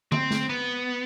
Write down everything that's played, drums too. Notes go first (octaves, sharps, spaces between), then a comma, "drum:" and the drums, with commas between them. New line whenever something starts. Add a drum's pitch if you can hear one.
C4, drum: tom D3
drum: snare A3
B3